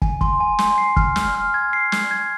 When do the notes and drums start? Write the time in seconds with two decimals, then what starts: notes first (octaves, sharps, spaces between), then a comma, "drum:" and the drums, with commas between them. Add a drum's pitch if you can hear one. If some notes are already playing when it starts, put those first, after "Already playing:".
0.02 G#5, drum: kick
0.21 C6, drum: kick
0.40 G#5
0.59 C6, drum: snare
0.78 C7
0.96 F6, drum: kick
1.16 F6, drum: snare
1.35 F6
1.54 G#6
1.73 C7
1.92 C7, drum: snare
2.11 G#6